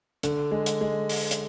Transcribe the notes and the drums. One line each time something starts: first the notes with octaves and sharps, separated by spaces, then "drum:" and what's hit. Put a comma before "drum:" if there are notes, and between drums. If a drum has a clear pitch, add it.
D3, drum: hi-hat
G#3
drum: hi-hat
G#3
drum: open hi-hat
drum: hi-hat